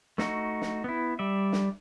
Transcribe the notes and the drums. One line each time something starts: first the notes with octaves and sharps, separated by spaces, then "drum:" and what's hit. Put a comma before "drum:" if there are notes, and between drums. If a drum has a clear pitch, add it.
A3 D#4 F#4, drum: snare
drum: snare
B3 E4
G3 D5 E5
drum: snare